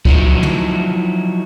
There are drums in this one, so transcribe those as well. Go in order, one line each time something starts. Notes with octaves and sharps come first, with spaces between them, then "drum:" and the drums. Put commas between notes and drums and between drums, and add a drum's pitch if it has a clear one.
F3 F#3 D#4 E4 F#4, drum: kick C#2
drum: tom